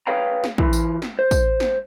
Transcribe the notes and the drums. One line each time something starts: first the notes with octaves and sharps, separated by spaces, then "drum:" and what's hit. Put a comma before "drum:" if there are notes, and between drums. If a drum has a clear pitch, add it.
G#4 B4 C#5 F5 G5 A#5
drum: snare
E3 E4 F4, drum: kick
drum: tambourine
drum: snare
C5
drum: kick, tambourine
drum: snare